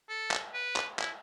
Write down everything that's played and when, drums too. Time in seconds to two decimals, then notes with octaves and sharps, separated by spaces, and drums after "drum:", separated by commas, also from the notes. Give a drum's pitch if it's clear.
0.09 A4
0.31 drum: clap
0.54 B4
0.76 drum: clap
0.99 E4, drum: clap